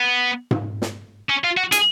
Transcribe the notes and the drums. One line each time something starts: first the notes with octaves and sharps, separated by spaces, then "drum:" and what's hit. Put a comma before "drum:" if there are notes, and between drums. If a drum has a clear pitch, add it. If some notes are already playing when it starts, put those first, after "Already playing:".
Already playing: B3
drum: tom G#2
drum: snare
C#4
F4
F#4
G#4, drum: hi-hat